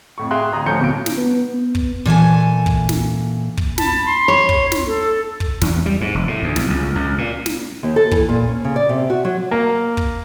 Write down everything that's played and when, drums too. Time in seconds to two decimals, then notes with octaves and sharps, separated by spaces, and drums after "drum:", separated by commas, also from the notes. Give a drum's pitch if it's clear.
0.18 F2 A2 C#6
0.31 G#4 E5 F5 G5 C6 F#6
0.52 A1 D2 A#5 D#6
0.66 D2 F3 C#4 A4 G6 C#7
0.80 D1 B2 F#3 D7
1.06 drum: snare
1.17 B3
1.54 B3
1.75 drum: kick
2.05 A#2 E3 A4 G#5
2.66 drum: kick
2.89 drum: snare
3.57 drum: kick
3.78 A5 B5, drum: snare
4.06 C6
4.28 C#5
4.49 drum: kick
4.72 drum: snare
4.87 A4
5.40 drum: kick
5.61 E2, drum: snare
5.86 G3
6.01 G#2
6.15 F1
6.28 A2
6.43 D2
6.56 B1, drum: snare
6.70 C#2
6.83 C#2
6.95 C#2
7.18 A#2
7.46 drum: snare
7.83 D#2
7.96 A4
8.11 E3, drum: kick
8.29 A#2
8.49 C#4
8.64 C#3
8.76 D5
8.89 C3
9.10 F#4
9.25 F#3
9.51 A#3
9.97 drum: kick